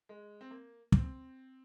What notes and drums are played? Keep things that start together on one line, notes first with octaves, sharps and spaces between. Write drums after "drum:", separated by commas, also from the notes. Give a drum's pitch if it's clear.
G#3
C4
A#3
C4, drum: kick